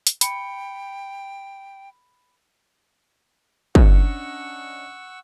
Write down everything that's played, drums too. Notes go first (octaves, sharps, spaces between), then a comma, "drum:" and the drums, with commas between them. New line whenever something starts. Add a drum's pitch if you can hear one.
drum: hi-hat
G5 B5 C#7, drum: hi-hat
C#4 D4 D#5 F#5 C#6 E6, drum: kick